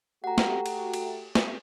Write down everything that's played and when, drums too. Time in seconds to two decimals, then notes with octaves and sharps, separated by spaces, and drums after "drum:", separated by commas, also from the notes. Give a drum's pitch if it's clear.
0.24 A3 F#4 G4 F#5 A#5
0.38 drum: snare
0.66 drum: cymbal
0.94 drum: cymbal
1.35 drum: snare